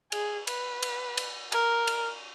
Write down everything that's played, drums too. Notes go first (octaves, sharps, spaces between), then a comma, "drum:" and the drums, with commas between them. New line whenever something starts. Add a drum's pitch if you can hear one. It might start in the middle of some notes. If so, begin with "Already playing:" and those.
G#4, drum: cymbal
B4, drum: cymbal
drum: cymbal
drum: cymbal
A#4, drum: cymbal
drum: cymbal